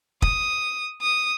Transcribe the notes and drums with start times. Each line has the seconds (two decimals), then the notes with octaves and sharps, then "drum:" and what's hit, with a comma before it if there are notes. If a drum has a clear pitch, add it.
0.22 D#6, drum: kick
1.02 D#6